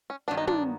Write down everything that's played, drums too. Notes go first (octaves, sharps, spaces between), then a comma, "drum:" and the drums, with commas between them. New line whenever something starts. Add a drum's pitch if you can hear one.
C#4
G2 D#3 F#3 B3 D4
D#4
D4, drum: tom